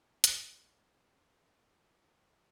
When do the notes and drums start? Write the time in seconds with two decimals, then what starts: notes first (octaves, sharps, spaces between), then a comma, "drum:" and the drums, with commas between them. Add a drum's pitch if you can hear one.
0.24 C#2 F#2 A#2, drum: hi-hat